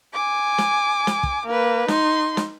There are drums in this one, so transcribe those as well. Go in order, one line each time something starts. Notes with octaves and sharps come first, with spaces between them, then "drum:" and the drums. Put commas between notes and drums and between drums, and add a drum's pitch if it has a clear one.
G#5 D6
drum: snare
drum: snare
drum: kick
A#3 B4
D#4 C6, drum: snare
drum: snare